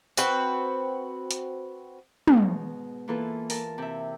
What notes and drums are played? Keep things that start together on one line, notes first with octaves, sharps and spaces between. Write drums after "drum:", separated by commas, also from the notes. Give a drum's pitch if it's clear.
C4 F#4 B4, drum: tambourine
drum: hi-hat
G#2 B2, drum: tom
E3 A#3 F4 A4 B4
A#4 A5, drum: open hi-hat
C3 E5